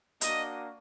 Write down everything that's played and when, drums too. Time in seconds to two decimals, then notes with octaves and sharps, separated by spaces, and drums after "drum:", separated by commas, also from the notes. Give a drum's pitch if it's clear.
0.21 A#3 D4 F#4 D#5, drum: hi-hat